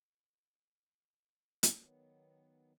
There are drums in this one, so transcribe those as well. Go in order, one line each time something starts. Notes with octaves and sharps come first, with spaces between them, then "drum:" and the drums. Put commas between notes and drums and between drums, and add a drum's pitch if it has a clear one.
drum: hi-hat
D#3 F#3 B3